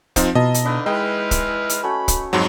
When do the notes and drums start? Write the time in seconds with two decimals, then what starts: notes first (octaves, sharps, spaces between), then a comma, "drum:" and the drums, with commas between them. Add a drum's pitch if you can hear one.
0.16 F3 C4 D#4 F4, drum: kick, hi-hat
0.35 B2 E4 D#5 E5 A5 A#5
0.54 drum: hi-hat
0.65 D3 D#4 B4 F5
0.86 G#3 E4 B4 D#5 G5 F6
1.31 drum: kick, hi-hat
1.69 drum: hi-hat
1.83 A3 C#4 F#4 B5
2.08 drum: kick, hi-hat
2.33 F2 G#2 F#3 F#4 C6